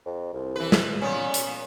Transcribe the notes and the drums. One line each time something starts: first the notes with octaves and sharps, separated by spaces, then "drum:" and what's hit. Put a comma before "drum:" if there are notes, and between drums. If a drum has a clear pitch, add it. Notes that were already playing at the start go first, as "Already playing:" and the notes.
F2
C2
E3 B4
drum: snare
A#2 B3 C#4
drum: hi-hat